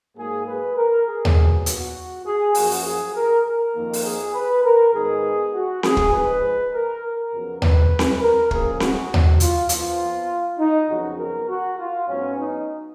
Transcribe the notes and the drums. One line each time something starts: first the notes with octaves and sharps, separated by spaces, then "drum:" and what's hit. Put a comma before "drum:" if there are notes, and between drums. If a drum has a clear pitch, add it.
G#2 F#3 A#3 G#4
B4
A#4
G#4
drum: tom D#2
A#2 F#3 B3
F#4, drum: hi-hat
G#4
F#2 F3 A#3 F#4, drum: open hi-hat
drum: open hi-hat
G#4
A#4
A#4
F2 D#3 A#3
drum: open hi-hat
G#4
B4
A#4
G#2 D#3 G#3 B3 G#4
F#4
G#4, drum: snare C4
drum: kick
G#2 F3 G#3 B4
A#4
A#4
F2 C#3 F#3 B3
B4, drum: tom D#2
drum: snare C4
A#4
F#2 C#3 F3 A#3 G#4, drum: kick
F#4, drum: snare C4
drum: tom D#2
F4, drum: hi-hat
F2 F3 B3 F4, drum: hi-hat
D#4
F2 C#3 F#3 B3 F#4
A#4
F#4
F4
G#2 F#3 B3 C#4
D#4